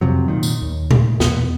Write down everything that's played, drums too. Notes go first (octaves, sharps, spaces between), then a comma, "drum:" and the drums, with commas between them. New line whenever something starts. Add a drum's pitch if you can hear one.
F2 C3 F#3
A#2 D#3
drum: tambourine
D#2
drum: tom A#2
E2 B2 B3, drum: snare